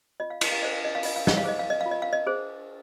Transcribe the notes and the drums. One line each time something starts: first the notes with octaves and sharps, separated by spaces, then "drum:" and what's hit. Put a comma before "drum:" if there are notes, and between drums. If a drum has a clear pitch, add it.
F4 D#5
F5
D#5, drum: cymbal
F5
G#4 C5 D#5
F5
D#5
F5
F4 D#5, drum: open hi-hat
F5
D#5, drum: snare
F5
G#4 C5 D#5
F5
D#5
F4 F5
D#5
F5
D#5
G#4 C5